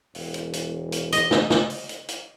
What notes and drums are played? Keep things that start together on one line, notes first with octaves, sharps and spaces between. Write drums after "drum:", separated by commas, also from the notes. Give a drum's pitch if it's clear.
E1, drum: open hi-hat
drum: hi-hat
drum: hi-hat
drum: hi-hat
D#5, drum: hi-hat
drum: snare
drum: snare
drum: open hi-hat
drum: hi-hat
drum: hi-hat